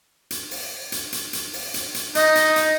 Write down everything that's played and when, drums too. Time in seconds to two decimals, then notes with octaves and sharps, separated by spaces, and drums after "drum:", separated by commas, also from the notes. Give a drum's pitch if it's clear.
0.31 drum: hi-hat
0.51 drum: open hi-hat
0.92 drum: hi-hat
1.12 drum: hi-hat
1.33 drum: hi-hat
1.53 drum: open hi-hat
1.74 drum: hi-hat
1.94 drum: hi-hat
2.15 D#4 D#5, drum: hi-hat
2.35 drum: hi-hat
2.56 drum: hi-hat